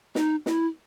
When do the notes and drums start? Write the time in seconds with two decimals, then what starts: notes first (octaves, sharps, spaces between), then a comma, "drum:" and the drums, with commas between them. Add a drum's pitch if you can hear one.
0.15 D#4, drum: snare
0.46 E4, drum: snare